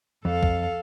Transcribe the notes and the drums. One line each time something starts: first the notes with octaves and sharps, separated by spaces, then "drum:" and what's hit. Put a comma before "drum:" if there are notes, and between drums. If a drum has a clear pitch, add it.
F2 A4 F5
drum: kick B1